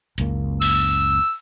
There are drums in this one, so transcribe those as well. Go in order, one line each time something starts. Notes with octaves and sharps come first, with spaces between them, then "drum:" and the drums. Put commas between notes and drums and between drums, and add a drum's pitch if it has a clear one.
F#1 C#2 A#3, drum: hi-hat
E6, drum: cymbal